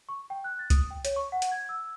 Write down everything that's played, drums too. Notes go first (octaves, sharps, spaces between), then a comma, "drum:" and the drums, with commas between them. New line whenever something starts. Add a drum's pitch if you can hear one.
C#6
G5
F#6
A6
D#6, drum: kick C2, hi-hat
G5
C#5, drum: hi-hat
C#6
F#5
drum: hi-hat
G#6
E6